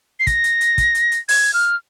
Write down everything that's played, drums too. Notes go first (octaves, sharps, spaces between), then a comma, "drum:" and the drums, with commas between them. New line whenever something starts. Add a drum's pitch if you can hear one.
C7
A#6, drum: kick, hi-hat
drum: hi-hat
drum: hi-hat
drum: kick, hi-hat
drum: hi-hat
drum: hi-hat
G#6, drum: open hi-hat
F6